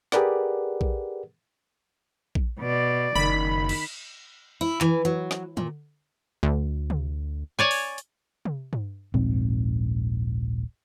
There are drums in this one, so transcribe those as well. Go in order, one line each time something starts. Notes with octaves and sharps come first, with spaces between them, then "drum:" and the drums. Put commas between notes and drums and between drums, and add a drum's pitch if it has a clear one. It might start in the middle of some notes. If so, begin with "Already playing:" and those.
G4 G#4 A#4 B4 D5 F#5, drum: snare
drum: kick A#1
drum: kick A#1
B2 D5
F#1 D#3 B5, drum: tom C3
drum: cymbal
E4
E3, drum: clap
F#3
drum: snare
A#2, drum: tom
D2
drum: tom C3
C#5 D5 G#5
drum: open hi-hat
drum: hi-hat
drum: tom C3
drum: tom G2
D#1 A#1 G#2 C4, drum: tom G2